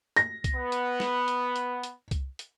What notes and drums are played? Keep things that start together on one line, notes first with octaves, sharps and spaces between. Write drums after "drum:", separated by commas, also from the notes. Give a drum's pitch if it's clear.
A#6, drum: hi-hat
drum: kick C2, hi-hat
B3
drum: hi-hat
drum: snare
drum: hi-hat
drum: hi-hat
drum: hi-hat
drum: kick C2, hi-hat
drum: hi-hat